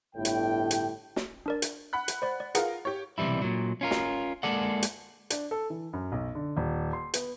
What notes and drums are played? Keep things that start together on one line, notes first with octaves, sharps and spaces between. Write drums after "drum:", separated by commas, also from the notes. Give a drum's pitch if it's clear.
G1 A2 G5
drum: hi-hat
drum: hi-hat
drum: snare
D4 A#4 D5
drum: hi-hat
F#5 B5 F#6
drum: hi-hat
C5 D5
D5
F4 G#4 A#4 B4 F#5, drum: hi-hat
G4 C#5
B1 C3 E3 G3 E4
A#2 F#3
C#4 F4 A#4
drum: snare
G#3 A#3 G#4 A4 D5 F#5
drum: hi-hat
D4, drum: hi-hat
A4
E3
F#2
B1
D3
D#1
C6
B3, drum: hi-hat